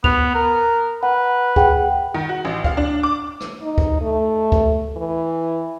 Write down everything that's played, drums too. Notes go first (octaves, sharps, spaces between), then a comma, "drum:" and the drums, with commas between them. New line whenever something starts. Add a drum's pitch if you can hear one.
B3 F7, drum: kick D2
A#4
B4 F#5
G#4 F#5 G5, drum: kick D2
D#3
F#4
A1
F5, drum: kick D2
D4
D6
drum: rim click
D#4
drum: kick D2
A3
drum: kick D2
E3